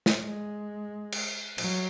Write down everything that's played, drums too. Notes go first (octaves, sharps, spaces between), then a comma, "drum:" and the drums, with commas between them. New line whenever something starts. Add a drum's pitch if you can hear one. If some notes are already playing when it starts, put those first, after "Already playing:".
drum: snare
G#3
drum: cymbal
F#3, drum: cymbal